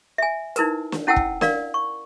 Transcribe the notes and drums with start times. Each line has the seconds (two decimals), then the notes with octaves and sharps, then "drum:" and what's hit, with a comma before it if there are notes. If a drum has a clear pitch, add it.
0.18 E5 G#5
0.56 D#4 E4 A#4 B4, drum: hi-hat
0.92 drum: snare
1.07 C#4 E4 F#5 G5 A5 E6
1.16 drum: kick
1.41 A#4 D5 F5, drum: snare
1.74 C#6